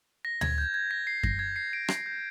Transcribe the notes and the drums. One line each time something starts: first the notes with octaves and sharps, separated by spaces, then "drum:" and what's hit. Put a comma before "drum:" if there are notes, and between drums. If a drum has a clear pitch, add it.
A#6
G#6, drum: tom D2
G6
G#6
A#6
C7
A#6, drum: kick F#2
G#6
C7
D7
C7, drum: rim click
G6